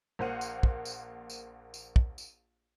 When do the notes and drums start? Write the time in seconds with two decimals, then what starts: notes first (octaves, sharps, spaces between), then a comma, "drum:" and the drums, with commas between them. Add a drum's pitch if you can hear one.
0.19 A#1 A#3 C5 F5 F#5 D#7
0.41 drum: tambourine
0.63 drum: kick
0.85 drum: tambourine
1.30 drum: tambourine
1.74 drum: tambourine
1.96 drum: kick
2.18 drum: tambourine